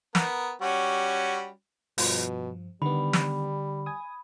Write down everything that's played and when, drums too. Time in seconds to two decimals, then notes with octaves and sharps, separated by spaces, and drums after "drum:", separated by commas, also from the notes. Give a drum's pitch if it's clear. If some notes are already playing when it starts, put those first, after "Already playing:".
0.15 B3 A#4, drum: snare
0.62 G3 C#4 F#4
1.98 G2 B2 F3, drum: open hi-hat
2.82 D3 D#3 G3 B3 B5
3.13 drum: snare
3.86 G#5 D#6